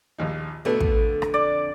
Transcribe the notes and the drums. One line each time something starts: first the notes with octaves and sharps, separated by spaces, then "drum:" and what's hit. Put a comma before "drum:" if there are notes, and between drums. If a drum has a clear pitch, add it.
A#1 D#2 D#4
F2 B2 D3 A3 B3
drum: kick
drum: rim click
D5